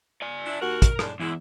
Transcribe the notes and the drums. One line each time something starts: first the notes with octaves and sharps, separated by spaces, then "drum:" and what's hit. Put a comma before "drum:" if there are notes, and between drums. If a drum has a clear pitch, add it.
D5 G#5
D4 E4
D#2 F#4 A#4
drum: kick, hi-hat
A2 G#3 D4, drum: rim click
E2 G#3 E4